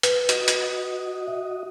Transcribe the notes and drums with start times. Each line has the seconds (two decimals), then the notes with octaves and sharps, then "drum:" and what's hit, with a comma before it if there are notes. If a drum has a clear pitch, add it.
0.03 B4, drum: hi-hat
0.29 F#4 D#5, drum: hi-hat
0.48 drum: hi-hat
1.27 E5